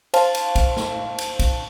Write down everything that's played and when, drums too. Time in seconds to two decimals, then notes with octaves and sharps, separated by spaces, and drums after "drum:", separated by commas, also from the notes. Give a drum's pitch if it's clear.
0.14 C5 F5 A5, drum: cymbal
0.35 drum: cymbal
0.56 drum: kick, cymbal
0.77 drum: snare
1.18 drum: cymbal
1.39 drum: kick, cymbal